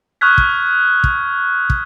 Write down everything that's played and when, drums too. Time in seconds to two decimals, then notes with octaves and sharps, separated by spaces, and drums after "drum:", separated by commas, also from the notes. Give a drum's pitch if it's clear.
0.21 C#6 D#6 F6 F#6 G#6 B6
0.38 drum: kick
1.04 drum: kick
1.70 drum: kick